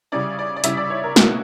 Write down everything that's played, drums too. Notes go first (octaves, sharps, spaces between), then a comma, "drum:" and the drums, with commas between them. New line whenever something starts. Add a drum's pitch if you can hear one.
C#3 G3 C#4 E4 D5
D5
D5
C#3 G3 C#4 E4 E5, drum: hi-hat
D5
C#5
A#4
B2 A#3 E4 F#4, drum: snare